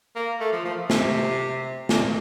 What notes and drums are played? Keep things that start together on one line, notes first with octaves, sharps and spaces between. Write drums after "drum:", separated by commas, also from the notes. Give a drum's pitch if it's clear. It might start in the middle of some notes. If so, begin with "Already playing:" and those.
A#3
A3
F3
F3
C3, drum: snare
A#2, drum: snare